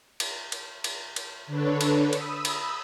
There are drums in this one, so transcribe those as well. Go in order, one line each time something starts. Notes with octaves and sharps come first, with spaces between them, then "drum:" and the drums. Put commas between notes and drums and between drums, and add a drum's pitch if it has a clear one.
drum: cymbal
drum: cymbal
drum: cymbal
drum: cymbal
D3 D4 A4 B4 C#5
drum: cymbal
B5 D#6 E6, drum: cymbal
drum: cymbal